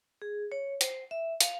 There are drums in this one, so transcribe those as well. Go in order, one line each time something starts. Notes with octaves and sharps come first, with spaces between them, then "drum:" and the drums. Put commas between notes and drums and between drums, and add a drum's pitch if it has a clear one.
G#4
C#5
C5, drum: hi-hat
E5
F5, drum: hi-hat